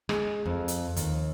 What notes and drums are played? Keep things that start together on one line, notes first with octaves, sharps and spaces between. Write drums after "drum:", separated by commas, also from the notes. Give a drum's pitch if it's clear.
G#3, drum: rim click
F2
drum: hi-hat
D#2, drum: hi-hat